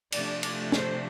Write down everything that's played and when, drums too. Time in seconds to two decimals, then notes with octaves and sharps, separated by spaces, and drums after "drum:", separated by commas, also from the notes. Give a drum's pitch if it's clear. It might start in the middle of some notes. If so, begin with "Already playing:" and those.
0.12 C3 F3 A3 D4 D5, drum: cymbal
0.43 D5, drum: cymbal
0.72 C5, drum: snare